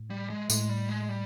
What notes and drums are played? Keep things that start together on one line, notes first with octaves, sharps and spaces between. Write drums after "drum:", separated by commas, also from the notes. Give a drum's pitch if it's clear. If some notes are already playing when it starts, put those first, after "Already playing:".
Already playing: A2
G3
G#3
A2 G#3, drum: tambourine
G3
G#3
G3